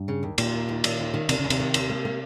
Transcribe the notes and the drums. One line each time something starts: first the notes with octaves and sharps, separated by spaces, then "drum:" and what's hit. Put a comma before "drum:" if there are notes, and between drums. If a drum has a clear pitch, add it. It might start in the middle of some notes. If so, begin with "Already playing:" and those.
Already playing: G2
C#3
D#2
D#2 A#2, drum: cymbal
D#2
D#2
D#3, drum: cymbal
D#2
D#3
D#2 C3, drum: cymbal
D#2 C#3
C3, drum: cymbal
D#3
D#2, drum: cymbal
A#3
A#3